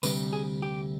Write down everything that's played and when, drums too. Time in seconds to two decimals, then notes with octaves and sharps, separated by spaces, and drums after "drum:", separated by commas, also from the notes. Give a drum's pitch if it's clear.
0.03 D2 C3 G3 B4, drum: tambourine
0.33 G#4
0.62 G4